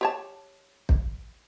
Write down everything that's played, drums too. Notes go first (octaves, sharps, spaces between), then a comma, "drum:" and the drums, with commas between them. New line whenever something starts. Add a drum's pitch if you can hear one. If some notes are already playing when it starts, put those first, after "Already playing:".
G4 C#5 A5
drum: kick